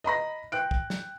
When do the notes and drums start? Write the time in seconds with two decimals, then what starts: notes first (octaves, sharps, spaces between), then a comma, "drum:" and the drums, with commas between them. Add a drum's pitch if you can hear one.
0.04 D#5 A#5 B5 A#6
0.52 G5 F#6 D7
0.71 drum: kick
0.90 drum: snare